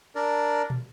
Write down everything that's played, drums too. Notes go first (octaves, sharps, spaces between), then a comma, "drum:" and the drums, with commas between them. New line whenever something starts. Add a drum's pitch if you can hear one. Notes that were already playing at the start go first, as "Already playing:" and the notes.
D4 A#4 D5
drum: tom